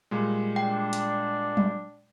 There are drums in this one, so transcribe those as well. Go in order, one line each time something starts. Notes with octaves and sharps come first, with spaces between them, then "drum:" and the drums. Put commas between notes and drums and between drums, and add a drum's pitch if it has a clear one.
A#2 G3 G#3
D4 G5
drum: hi-hat
drum: tom F#3